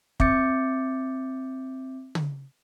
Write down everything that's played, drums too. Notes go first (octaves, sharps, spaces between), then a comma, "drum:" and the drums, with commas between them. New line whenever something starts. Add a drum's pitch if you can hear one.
C4 E5 D6 G6 A6 C#7, drum: kick
drum: tom